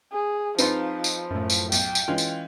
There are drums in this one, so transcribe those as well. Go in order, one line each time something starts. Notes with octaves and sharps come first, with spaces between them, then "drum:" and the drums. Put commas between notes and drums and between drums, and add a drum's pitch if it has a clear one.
G#4
F3 C4 D#4 F4 B4, drum: tambourine
drum: tambourine
F#2 A2
drum: tambourine
B1 G5, drum: tambourine
drum: tambourine
E3 G#3 C#4 F4
drum: tambourine